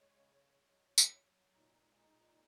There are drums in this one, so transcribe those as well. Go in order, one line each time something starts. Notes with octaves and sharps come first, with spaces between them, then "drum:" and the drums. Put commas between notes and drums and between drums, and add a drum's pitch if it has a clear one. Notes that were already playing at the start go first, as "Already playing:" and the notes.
Already playing: G#3 C#5
C#3
G#3
F#3
F#3, drum: tambourine
F#3
A#2 D#4
G#3
F4
D#4
A#2